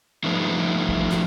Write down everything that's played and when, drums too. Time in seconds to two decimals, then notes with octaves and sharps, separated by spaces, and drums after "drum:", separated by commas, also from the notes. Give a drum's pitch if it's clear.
0.24 F3 G3 A3 B3 D4 D#4
0.89 drum: kick
1.10 drum: snare